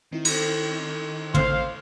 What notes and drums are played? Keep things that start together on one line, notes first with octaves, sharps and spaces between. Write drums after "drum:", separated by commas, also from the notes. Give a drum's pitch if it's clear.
D#3 C4 E4
drum: cymbal
A1 A3 C5 F5 C6, drum: tom